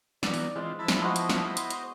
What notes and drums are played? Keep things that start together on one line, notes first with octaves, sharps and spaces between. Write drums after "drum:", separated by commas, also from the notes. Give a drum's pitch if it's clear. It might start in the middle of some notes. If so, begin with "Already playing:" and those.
E3 B3 D#4 D5, drum: snare
drum: open hi-hat
E3 G#3 C4 F4
F3 E4 E5 A5 B5
drum: snare
G#3 B3 F#4 C5 D#5
drum: hi-hat
drum: snare
drum: hi-hat
drum: hi-hat